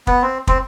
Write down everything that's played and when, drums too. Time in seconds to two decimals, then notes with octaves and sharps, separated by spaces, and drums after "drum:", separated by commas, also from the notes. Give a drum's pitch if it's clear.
0.07 B3, drum: kick
0.22 C4
0.47 C4, drum: kick